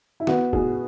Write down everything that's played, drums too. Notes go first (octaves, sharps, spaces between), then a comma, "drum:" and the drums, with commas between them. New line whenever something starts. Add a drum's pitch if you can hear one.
E4
B3 F#4, drum: snare
B2 G#4, drum: kick